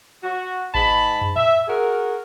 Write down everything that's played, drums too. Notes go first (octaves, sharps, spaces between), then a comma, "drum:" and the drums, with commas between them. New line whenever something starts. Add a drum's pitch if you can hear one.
F#4
G#2 A5 B5, drum: kick A1
drum: tom
E5, drum: tom A2
F#4 G#4 A#4